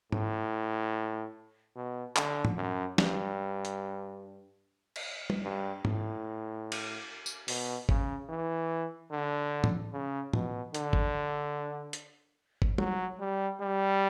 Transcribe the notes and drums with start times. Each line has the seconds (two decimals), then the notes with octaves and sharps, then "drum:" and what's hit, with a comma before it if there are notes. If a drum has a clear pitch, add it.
0.12 A2, drum: tom G#2
1.76 B2
2.16 D3, drum: clap
2.45 drum: tom A2
2.56 F#2
2.98 G2, drum: snare
3.65 drum: hi-hat
4.96 drum: cymbal
5.30 drum: tom
5.43 G2
5.85 A2, drum: tom G#2
6.72 drum: cymbal
7.26 drum: tambourine
7.48 B2, drum: open hi-hat
7.89 C#3, drum: kick G1
8.29 E3
9.11 D3
9.64 drum: tom A2
9.93 C#3
10.33 B2, drum: tom A2
10.74 D3, drum: hi-hat
10.93 drum: kick G1
11.93 drum: hi-hat
12.62 drum: kick G1
12.78 F#3, drum: tom
13.20 G3
13.61 G3